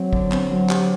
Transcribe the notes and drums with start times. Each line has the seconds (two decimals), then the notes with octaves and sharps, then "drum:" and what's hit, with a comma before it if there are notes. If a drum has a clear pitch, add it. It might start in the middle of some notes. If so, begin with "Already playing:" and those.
Already playing: F#3 C4
0.13 D3, drum: kick
0.32 C4, drum: clap
0.51 F#3
0.69 G4, drum: clap